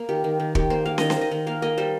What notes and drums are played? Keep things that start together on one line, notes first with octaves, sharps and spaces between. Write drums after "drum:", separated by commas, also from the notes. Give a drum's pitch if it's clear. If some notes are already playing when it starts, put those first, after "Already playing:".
Already playing: A#3
D#3 G4
D#3
D#3
D#3 G4, drum: kick
A#3 C5
A#3 F5
D#3 D#5, drum: snare
C5, drum: snare
D#3 D#5
D#3
A#3 F5
A#3 D#5
G3 C5